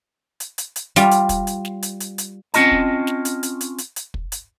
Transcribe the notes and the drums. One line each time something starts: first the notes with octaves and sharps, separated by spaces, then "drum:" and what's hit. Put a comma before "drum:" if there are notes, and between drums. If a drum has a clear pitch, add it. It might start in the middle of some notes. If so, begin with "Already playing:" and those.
drum: hi-hat
drum: hi-hat
drum: hi-hat
G3 F4, drum: hi-hat
drum: hi-hat
drum: kick, hi-hat
drum: hi-hat
drum: snare
drum: hi-hat
drum: hi-hat
drum: hi-hat
C4 C#4 F4 D#5 A5, drum: hi-hat
drum: kick
drum: snare
drum: hi-hat
drum: hi-hat
drum: hi-hat
drum: hi-hat
drum: hi-hat
drum: kick
drum: hi-hat